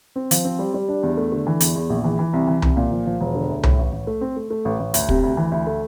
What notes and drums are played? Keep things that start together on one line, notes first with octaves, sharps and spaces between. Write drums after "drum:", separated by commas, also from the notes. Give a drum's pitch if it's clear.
C4
F3, drum: hi-hat
C4
G3
G3
D4
E2
A3
D3
E3
E2, drum: hi-hat
E2
A#1
E3
E3
C2
E3
C2, drum: tom C2
A#2
F3
F3
E1
D3
D2
A2, drum: tom C2
A1
A1
A3
C4
A3
A3
A1
A1
D2, drum: hi-hat
C3, drum: kick
D2
E3
D2
A3